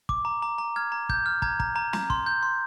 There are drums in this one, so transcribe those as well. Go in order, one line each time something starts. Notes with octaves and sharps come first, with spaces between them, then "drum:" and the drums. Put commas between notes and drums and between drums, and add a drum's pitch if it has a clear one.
D6, drum: kick
A#5
A#5
A#5
F6 G#6
A#5
A#5 G6, drum: kick
F6
A#5 G#6, drum: kick
A#5, drum: kick
A#5
A#5, drum: snare
C6, drum: kick
G6
C6